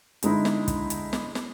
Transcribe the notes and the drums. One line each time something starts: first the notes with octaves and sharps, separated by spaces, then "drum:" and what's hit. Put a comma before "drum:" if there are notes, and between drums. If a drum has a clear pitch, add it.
D3 G#3 D#4 E4, drum: hi-hat
drum: snare
drum: kick, hi-hat
drum: hi-hat
drum: snare
drum: snare